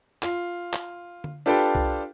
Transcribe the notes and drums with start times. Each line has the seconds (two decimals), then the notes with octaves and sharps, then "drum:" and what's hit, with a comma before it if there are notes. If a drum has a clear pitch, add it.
0.23 F4, drum: clap
0.73 drum: clap
1.24 drum: tom D3
1.46 D4 F4 G4 A4 B4 G5
1.75 drum: kick B1